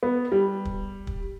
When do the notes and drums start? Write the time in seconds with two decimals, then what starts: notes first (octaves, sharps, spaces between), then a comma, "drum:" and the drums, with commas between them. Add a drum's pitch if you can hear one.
0.03 B3
0.32 G3
0.65 drum: kick
1.07 drum: kick